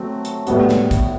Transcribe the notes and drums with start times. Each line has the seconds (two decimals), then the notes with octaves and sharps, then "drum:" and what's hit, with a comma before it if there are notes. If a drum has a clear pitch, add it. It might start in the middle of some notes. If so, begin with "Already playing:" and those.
Already playing: F#3 A3 C4
0.25 drum: hi-hat
0.47 A2 G3 B3 F#4, drum: hi-hat
0.69 drum: snare
0.91 drum: kick, hi-hat